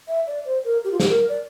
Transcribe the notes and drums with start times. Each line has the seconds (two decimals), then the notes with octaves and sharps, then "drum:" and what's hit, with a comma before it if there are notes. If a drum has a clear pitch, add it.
0.08 E5
0.27 D5
0.45 C5
0.64 A#4
0.84 G4
0.92 F4
1.00 G4, drum: snare
1.09 A#4
1.29 D5